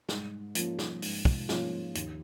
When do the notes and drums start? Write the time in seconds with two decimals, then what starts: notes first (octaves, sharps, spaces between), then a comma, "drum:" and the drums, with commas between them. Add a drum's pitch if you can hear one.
0.09 G#2, drum: snare
0.55 F3 A#3 C#4 F4, drum: hi-hat
0.79 drum: snare
1.02 G#2, drum: open hi-hat
1.25 drum: kick
1.49 F3 A#3 C#4 F4, drum: snare
1.95 D#2, drum: hi-hat